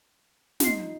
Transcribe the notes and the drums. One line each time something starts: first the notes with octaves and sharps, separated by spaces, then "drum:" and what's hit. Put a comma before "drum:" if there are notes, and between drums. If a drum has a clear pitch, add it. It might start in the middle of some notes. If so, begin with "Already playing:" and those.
F4, drum: snare
D#4 C7